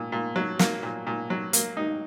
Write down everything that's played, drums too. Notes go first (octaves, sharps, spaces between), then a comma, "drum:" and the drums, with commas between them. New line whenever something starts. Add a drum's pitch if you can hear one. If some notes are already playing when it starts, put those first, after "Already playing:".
Already playing: A#2
A#2
F#3
A#3, drum: snare
A#2
A#2
F#3
A#3, drum: hi-hat
D#4